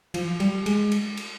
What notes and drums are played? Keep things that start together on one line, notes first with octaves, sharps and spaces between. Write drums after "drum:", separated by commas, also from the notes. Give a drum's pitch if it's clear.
F3, drum: cymbal
G3, drum: cymbal
G#3, drum: cymbal
drum: cymbal
drum: cymbal